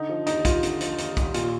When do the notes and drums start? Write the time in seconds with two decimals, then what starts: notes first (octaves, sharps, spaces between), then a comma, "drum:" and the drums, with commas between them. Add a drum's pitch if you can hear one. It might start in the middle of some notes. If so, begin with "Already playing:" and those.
Already playing: D3 D#4
0.09 F3
0.26 D#2 D#4, drum: hi-hat
0.45 D#2 F4, drum: kick, hi-hat
0.63 D3, drum: hi-hat
0.81 F3, drum: hi-hat
0.98 D#2, drum: hi-hat
1.17 D#2, drum: kick, hi-hat
1.34 A#2 F4, drum: hi-hat